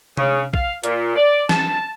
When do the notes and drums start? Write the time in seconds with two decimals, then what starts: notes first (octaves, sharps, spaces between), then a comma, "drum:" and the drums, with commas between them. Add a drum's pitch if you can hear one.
0.17 C#3, drum: tom C3
0.54 F5, drum: kick
0.84 A#2, drum: hi-hat
1.16 D5
1.49 A5, drum: snare